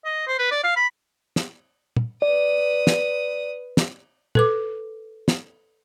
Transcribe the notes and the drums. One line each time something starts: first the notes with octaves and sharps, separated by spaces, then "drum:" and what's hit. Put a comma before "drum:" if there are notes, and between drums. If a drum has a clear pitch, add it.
D#5
C5
B4
D5
F5
B5
drum: snare
drum: tom
B4 D5 D#6
drum: snare
drum: snare
A4 B4 D6, drum: tom
drum: snare